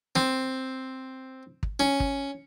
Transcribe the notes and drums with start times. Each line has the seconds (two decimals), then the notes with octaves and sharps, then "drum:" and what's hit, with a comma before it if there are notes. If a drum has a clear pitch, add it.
0.16 C4, drum: snare
1.63 drum: kick
1.80 C#4
2.00 drum: kick